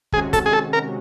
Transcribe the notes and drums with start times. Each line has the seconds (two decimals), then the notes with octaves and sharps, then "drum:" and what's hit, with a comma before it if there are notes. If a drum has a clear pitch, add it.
0.12 C3 D#3 G#3 C#4 F#4 G#4, drum: kick
0.33 A4, drum: kick, hi-hat
0.46 G#4
0.53 A4
0.73 A#4